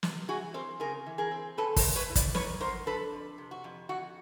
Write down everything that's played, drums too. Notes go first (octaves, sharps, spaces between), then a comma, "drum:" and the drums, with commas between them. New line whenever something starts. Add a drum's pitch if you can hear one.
C3, drum: snare
E3 F#4 G#4
C4 A#4 C5
C#3 G#4 A#4
E3
G#4 A#4
C4
B2 A4 B4
A#4 C5, drum: kick, open hi-hat
G#3
B4 C#5
E4
C5 D5, drum: kick, hi-hat
D#3 B4 C#5, drum: snare
F#3 A#4 C5
D4 A4 B4
F2
C3
F#4
F2
F2 F#4